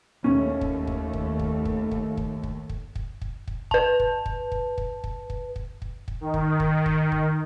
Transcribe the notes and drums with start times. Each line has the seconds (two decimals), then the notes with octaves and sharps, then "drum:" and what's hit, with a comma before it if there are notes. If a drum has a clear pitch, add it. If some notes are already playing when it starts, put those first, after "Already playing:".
0.24 D#2 A3 C#4
0.61 drum: kick
0.87 drum: kick
1.13 drum: kick
1.39 drum: kick
1.65 drum: kick
1.91 drum: kick
2.17 drum: kick
2.43 drum: kick
2.69 drum: kick
2.95 drum: kick
3.22 drum: kick
3.48 drum: kick
3.71 B4 A5, drum: kick
4.00 drum: kick
4.26 drum: kick
4.52 drum: kick
4.78 drum: kick
5.04 drum: kick
5.30 drum: kick
5.56 drum: kick
5.82 drum: kick
6.08 drum: kick
6.21 D#3
6.34 drum: kick
6.60 drum: kick
6.86 drum: kick
7.12 drum: kick